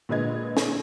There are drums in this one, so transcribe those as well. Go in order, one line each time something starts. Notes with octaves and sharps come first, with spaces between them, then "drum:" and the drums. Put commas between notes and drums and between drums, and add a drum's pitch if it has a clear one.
A#2 D3 G#3 B4 D#5 G#6
drum: snare